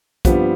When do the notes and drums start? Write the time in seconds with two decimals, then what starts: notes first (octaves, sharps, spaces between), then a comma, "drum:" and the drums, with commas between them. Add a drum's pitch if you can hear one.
0.25 G2 F3 G3 B3 C4 F4, drum: kick, hi-hat